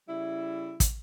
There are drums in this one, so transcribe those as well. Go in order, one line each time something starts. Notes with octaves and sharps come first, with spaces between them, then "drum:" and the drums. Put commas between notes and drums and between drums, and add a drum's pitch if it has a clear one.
C#3 G3 E4
drum: kick, hi-hat